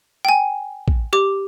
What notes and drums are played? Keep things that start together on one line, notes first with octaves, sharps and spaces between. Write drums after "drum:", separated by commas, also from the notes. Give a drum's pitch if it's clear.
G5 G#5
drum: kick
G4 D6